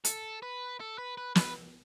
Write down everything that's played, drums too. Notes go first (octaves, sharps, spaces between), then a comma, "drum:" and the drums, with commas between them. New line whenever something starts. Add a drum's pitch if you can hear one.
A4, drum: hi-hat
B4
A4
B4
B4
B4, drum: snare